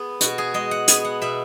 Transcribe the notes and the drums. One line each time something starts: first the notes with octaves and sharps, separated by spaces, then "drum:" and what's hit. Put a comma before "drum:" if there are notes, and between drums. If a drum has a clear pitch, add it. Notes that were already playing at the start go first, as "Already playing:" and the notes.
Already playing: B3 G#4
B2 F#4, drum: hi-hat
G#4
G#3 D#5
F#5
B3 G#5, drum: hi-hat
F#5
B2 E5